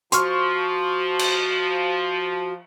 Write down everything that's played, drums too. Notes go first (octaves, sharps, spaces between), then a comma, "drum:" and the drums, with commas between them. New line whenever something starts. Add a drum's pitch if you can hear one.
F3 F#4 C6 C#6 F6, drum: hi-hat
drum: cymbal